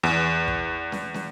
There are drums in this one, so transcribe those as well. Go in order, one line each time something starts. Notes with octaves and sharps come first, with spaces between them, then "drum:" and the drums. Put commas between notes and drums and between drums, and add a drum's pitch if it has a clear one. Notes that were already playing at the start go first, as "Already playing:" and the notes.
E2
drum: kick
drum: snare
drum: snare